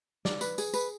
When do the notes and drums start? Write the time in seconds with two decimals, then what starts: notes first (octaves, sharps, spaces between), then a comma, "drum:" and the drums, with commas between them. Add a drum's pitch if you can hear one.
0.25 D5, drum: snare
0.41 B4, drum: tambourine
0.58 G#4, drum: tambourine
0.73 B4, drum: tambourine